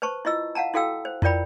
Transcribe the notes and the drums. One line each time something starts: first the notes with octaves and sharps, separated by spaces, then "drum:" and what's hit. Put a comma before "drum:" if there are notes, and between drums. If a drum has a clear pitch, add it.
B4 C5 A5 C#6
E4 F4 D#5 E6
F5 F#5 A5 A#5
E4 F#4 A4 F5 G5 E6
C5
E4 F4 A#4 D5 G5 B5, drum: tom F2